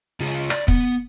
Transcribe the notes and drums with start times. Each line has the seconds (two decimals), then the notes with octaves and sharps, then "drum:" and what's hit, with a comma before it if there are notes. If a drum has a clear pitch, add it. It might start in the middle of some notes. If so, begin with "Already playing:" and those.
0.20 C#3 F4 G#4
0.50 D5, drum: rim click
0.68 B3, drum: kick